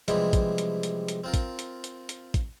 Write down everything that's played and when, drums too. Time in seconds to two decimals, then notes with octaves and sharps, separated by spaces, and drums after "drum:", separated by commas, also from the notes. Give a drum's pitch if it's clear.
0.08 C3 E3 F3 G3 G#3 E4, drum: hi-hat
0.33 drum: kick, hi-hat
0.58 drum: hi-hat
0.83 drum: hi-hat
1.08 drum: hi-hat
1.24 C4 F4 A#4
1.34 drum: kick, hi-hat
1.59 drum: hi-hat
1.84 drum: hi-hat
2.09 drum: hi-hat
2.34 drum: kick, hi-hat